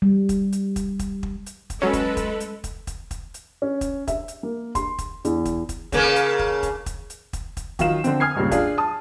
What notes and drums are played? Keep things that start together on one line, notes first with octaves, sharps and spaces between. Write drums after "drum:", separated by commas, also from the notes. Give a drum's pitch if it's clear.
G3
drum: kick, hi-hat
drum: hi-hat
drum: kick, hi-hat
drum: kick, hi-hat
drum: kick
drum: hi-hat
drum: kick, hi-hat
F#3 G#3 C#4 A4 B4
drum: kick, hi-hat
drum: kick, hi-hat
drum: hi-hat
drum: kick, hi-hat
drum: kick, hi-hat
drum: kick, hi-hat
drum: hi-hat
C#4
drum: kick, hi-hat
E5, drum: kick, hi-hat
drum: hi-hat
A#3
C6, drum: kick, hi-hat
drum: kick, hi-hat
E2, drum: hi-hat
drum: kick, hi-hat
drum: kick, hi-hat
C#3 A#3 A4, drum: kick, hi-hat
drum: hi-hat
drum: kick
drum: kick, hi-hat
drum: kick, hi-hat
drum: hi-hat
drum: kick, hi-hat
drum: kick, hi-hat
D#3 F#3 F4 E7, drum: kick, hi-hat
D3 C4, drum: hi-hat
G#5 D#6 F6 G#6 C7
C#2 G2 A#2 C#3
D4 F4 G#4 G#5, drum: kick, hi-hat
A5 D#6